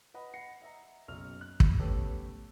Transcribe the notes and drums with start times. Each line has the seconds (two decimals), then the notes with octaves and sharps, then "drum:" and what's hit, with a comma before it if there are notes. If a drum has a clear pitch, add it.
0.14 B4 D#5 F#5 B5
0.34 F#5 A#6 C7 C#7
0.62 D#5 E5 A#5
1.08 F#1 B1 F6 F7
1.41 F#6
1.60 drum: kick
1.79 A3 B3 C#4 G4 A4